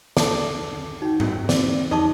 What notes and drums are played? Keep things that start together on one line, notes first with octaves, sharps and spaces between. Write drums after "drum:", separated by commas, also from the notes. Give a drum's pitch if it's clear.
A4 D5 A5, drum: snare
D#4 F#4 G5
drum: tom G#2
E3 C4 D5, drum: snare
F2 D#4 G4 D#5 A5 D6